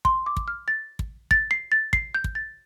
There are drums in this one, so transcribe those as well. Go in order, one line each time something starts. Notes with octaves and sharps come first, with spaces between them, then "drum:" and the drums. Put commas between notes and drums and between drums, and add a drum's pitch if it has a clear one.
C6, drum: kick
D6
drum: kick
F6
A6
drum: kick
A6, drum: kick
C7
A6
C7, drum: kick
G6
drum: kick
A6